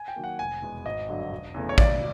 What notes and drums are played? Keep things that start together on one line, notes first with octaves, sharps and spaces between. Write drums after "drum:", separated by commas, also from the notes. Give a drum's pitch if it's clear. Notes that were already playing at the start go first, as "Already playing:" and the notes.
Already playing: G#5
G5
D#3 F#3 A#3
F#5
F1 G#5
E2 B2 G#3 B3
G#1 D#5
G2 D3 F#3
E1
E2 C#3 E3 A3
C#5
B1 D5, drum: kick